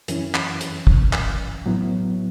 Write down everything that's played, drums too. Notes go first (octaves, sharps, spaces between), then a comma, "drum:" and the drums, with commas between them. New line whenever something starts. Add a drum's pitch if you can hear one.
F#2 E3 C#4 E4, drum: hi-hat
drum: clap
drum: hi-hat
drum: kick
drum: clap
A2 F#3 B3 E4